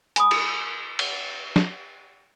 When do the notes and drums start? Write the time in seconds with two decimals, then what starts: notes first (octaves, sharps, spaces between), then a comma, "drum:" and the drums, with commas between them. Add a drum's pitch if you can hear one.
0.16 G#5 B5 D#6, drum: hi-hat
0.31 drum: cymbal
0.99 drum: cymbal
1.56 drum: snare